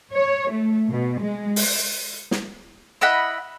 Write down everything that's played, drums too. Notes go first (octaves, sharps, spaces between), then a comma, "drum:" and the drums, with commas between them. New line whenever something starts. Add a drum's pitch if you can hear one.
C#5
A3
B2
G#3
drum: open hi-hat
drum: snare
E4 D#5 F#5 B5